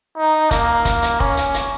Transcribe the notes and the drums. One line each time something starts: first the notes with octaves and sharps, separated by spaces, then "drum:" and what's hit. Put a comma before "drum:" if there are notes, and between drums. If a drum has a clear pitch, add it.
D#4
A#3, drum: kick F1, hi-hat
drum: kick F1, hi-hat
drum: hi-hat
C#4, drum: kick F1
drum: hi-hat
drum: hi-hat